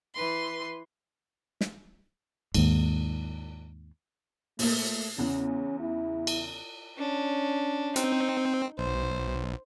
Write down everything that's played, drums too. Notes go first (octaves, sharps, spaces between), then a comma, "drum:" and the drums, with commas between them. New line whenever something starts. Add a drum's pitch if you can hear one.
E3 B4 C6
drum: snare
D#2 G#2, drum: cymbal
A#2 A3 A#3, drum: open hi-hat
E2 C#3 C#4
E4
drum: cymbal
C#4 D4
C4 D#4, drum: hi-hat
B1 C5